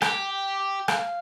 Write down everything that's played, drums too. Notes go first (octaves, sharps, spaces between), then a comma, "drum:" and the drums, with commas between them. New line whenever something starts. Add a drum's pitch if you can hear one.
G4 G5, drum: rim click
G5
G5
F5, drum: rim click